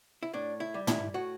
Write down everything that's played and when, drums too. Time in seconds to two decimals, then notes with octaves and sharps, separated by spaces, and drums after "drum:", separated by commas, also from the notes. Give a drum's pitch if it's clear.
0.23 E4
0.33 A2 D4
0.60 E4
0.74 G3
0.87 E4, drum: tom
1.14 A2 F#4